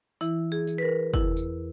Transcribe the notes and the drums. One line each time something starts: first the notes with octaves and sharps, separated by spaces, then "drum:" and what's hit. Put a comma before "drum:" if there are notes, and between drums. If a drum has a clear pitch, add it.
E3 E4, drum: tambourine
G#4
E3, drum: tambourine
B4
A#4
E2 E4, drum: kick
drum: tambourine